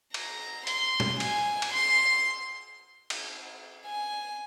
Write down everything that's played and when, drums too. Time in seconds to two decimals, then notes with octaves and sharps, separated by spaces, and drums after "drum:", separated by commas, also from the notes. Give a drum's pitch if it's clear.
0.14 A#5, drum: cymbal
0.67 C6, drum: hi-hat
1.00 drum: snare
1.20 G#5, drum: cymbal
1.62 drum: cymbal
1.73 C6
3.10 drum: cymbal
3.86 G#5